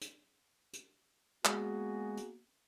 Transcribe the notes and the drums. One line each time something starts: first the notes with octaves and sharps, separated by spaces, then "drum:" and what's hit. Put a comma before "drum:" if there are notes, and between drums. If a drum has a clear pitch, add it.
drum: hi-hat
drum: hi-hat
G#3 A#3 B3 F#4 G#4, drum: clap
drum: hi-hat